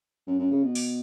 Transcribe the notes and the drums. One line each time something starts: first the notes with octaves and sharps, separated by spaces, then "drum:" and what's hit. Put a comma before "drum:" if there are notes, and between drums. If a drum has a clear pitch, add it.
F#2
F#2
C#3
B2
drum: open hi-hat